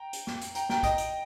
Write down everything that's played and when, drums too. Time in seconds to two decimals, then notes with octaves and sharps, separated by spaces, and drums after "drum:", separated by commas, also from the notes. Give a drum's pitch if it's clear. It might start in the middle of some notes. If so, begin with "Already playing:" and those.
Already playing: G5 A#5
0.13 drum: hi-hat
0.27 drum: snare
0.41 drum: hi-hat
0.55 G5 A#5, drum: hi-hat
0.69 G5 A#5, drum: snare
0.83 D#5 G5, drum: kick, hi-hat
0.98 drum: hi-hat